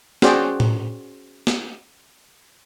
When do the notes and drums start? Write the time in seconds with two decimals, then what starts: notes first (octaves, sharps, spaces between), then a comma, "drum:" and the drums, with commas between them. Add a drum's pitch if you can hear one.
0.22 C#4 F#4 G#4 C5 D5 G5, drum: snare
0.60 drum: tom A2
1.47 drum: snare